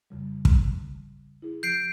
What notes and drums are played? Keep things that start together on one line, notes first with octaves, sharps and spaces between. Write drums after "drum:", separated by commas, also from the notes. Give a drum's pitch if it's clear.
F2 C#3 G3
drum: kick
E4 G#4
F3 G6 C7 D7